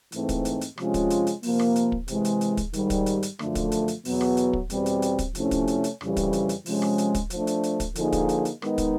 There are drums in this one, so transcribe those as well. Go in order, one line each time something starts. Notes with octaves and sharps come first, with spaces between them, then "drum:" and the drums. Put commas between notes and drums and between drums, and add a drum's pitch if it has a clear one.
G#2 E3 A3 C4 D#4, drum: hi-hat
drum: kick, hi-hat
drum: hi-hat
drum: hi-hat
C3 F3 G#3 C#4 F4, drum: rim click
drum: kick, hi-hat
drum: hi-hat
drum: hi-hat
C3 F3 A#3, drum: open hi-hat
drum: rim click
drum: hi-hat
drum: kick
C3 E3 G#3, drum: hi-hat
drum: hi-hat
drum: hi-hat
drum: kick, hi-hat
G#2 D#3 G3, drum: hi-hat
drum: kick, hi-hat
drum: hi-hat
drum: hi-hat
F#2 D3 F3 A3, drum: rim click
drum: kick, hi-hat
drum: hi-hat
drum: hi-hat
E2 B2 F#3 B3, drum: open hi-hat
drum: rim click
drum: hi-hat
drum: kick
E2 B2 G3 C4, drum: hi-hat
drum: hi-hat
drum: hi-hat
drum: kick, hi-hat
C3 F3 A3 C#4 E4, drum: hi-hat
drum: kick, hi-hat
drum: hi-hat
drum: hi-hat
F2 C#3 E3 G3, drum: rim click
drum: kick, hi-hat
drum: hi-hat
drum: hi-hat
C3 F3 G#3 C#4, drum: open hi-hat
drum: rim click
drum: hi-hat
drum: kick, hi-hat
F3 A3 D4, drum: hi-hat
drum: hi-hat
drum: hi-hat
drum: kick, hi-hat
D3 F3 A#3 D#4 G#4, drum: hi-hat
drum: kick, hi-hat
drum: hi-hat
drum: hi-hat
D#3 G#3 B3 D#4, drum: rim click
drum: kick, hi-hat